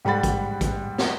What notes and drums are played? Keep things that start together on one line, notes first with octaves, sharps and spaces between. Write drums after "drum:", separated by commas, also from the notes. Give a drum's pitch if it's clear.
G#2 G3 F#5 B5 A6
drum: kick A1, hi-hat
drum: kick A1, hi-hat
drum: snare